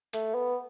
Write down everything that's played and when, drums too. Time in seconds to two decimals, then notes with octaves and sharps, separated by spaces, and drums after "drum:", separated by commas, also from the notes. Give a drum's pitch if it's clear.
0.13 A3, drum: hi-hat
0.35 B3